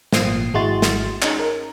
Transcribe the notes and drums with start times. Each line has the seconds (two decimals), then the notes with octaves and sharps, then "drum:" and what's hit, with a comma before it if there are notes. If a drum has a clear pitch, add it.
0.12 G#1 A#2 F3 D#6 C7, drum: snare
0.54 G#1 G#3 E4 F#4 C6 A6
0.82 drum: snare
1.22 C#4 D#4 G#4, drum: clap
1.39 A#4